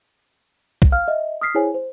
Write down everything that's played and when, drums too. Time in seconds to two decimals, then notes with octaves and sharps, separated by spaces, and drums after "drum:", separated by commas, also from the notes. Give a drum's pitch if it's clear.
0.82 drum: kick
0.92 F5 F6
1.08 D#5 E5
1.41 D#6 F6 B6 C7
1.55 E4 G#4 C5 C#5 G#5
1.74 C5